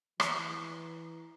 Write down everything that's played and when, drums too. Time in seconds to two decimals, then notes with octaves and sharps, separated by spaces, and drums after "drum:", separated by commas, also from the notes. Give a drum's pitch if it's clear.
0.20 E3 A#5, drum: rim click